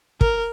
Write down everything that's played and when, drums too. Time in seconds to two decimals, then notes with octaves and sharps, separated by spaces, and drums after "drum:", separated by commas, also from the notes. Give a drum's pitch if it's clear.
0.21 A#4, drum: kick